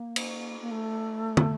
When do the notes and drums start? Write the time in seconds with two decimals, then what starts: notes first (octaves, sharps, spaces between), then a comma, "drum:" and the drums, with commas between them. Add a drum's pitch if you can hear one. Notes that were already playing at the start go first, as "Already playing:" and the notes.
Already playing: A#3
0.16 drum: cymbal
0.61 A#3
0.71 A3
1.37 drum: tom